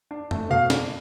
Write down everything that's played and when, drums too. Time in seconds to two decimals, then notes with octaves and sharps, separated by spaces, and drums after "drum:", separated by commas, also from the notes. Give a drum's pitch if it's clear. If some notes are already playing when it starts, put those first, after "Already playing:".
0.11 D4
0.31 A3, drum: tom F2
0.50 B2 F5
0.70 D4, drum: snare